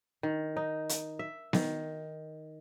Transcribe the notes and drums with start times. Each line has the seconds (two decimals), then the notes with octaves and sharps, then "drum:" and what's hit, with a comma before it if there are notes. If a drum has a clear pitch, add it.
0.23 D#3
0.56 D#4
0.89 drum: hi-hat
1.19 E5
1.53 D#3, drum: snare B3